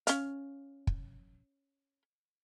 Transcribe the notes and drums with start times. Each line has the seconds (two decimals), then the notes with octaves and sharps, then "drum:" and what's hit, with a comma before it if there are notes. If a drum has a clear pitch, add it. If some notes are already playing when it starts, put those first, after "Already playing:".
0.07 C#4 F5, drum: hi-hat
0.87 drum: kick